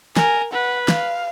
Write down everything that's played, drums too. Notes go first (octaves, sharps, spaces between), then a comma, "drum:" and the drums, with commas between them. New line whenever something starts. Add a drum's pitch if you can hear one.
A#4 G#5, drum: snare
B4 F#5
F5, drum: snare